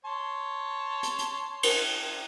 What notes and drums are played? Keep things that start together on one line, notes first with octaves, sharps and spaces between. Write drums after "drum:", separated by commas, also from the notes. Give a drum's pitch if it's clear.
C#5 A5 C6
drum: hi-hat
drum: hi-hat
drum: cymbal